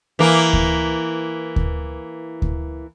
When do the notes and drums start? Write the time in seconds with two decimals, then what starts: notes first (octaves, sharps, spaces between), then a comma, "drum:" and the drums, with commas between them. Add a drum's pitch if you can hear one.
0.19 E3 A#3
0.53 drum: kick D2
1.56 drum: kick D2
2.42 drum: kick D2